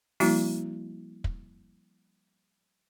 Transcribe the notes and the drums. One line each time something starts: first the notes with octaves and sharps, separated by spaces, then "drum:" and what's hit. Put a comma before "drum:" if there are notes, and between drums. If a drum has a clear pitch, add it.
F3 G3 A#3 C4 E4 F#4, drum: open hi-hat
drum: kick